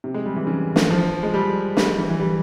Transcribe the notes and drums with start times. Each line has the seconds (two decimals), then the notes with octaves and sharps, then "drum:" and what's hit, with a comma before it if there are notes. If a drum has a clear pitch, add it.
0.04 C3
0.14 G#3
0.26 G3
0.36 E3
0.47 C#3
0.76 drum: snare
0.90 F3
1.23 G#3
1.34 G3
1.77 G3, drum: snare
1.98 E3
2.09 E3
2.20 G3